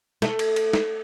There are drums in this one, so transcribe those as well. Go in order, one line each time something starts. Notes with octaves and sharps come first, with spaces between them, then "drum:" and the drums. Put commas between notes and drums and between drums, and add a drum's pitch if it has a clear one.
A3, drum: snare
drum: cymbal
drum: cymbal
drum: snare